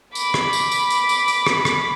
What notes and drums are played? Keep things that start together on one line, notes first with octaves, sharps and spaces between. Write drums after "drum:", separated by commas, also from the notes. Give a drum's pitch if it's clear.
B5 D6, drum: tambourine
drum: rim click
drum: tambourine
drum: tambourine
drum: tambourine
drum: tambourine
drum: tambourine
drum: rim click
drum: rim click